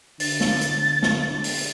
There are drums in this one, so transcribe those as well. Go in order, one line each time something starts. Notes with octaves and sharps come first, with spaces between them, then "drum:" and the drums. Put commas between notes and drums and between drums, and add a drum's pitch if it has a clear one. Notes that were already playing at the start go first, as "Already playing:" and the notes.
D3 A6, drum: open hi-hat
drum: snare
drum: hi-hat
drum: snare
drum: open hi-hat